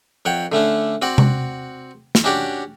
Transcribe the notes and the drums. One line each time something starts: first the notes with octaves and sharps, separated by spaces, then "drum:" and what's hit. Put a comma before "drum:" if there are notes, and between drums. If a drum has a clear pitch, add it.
F2 C#5 F#5 G5
D3 A3 C#4 D4
C4 F#4 D5 F#5
drum: tom C3
drum: snare
C#4 D4 F#4 G4 C#5 D5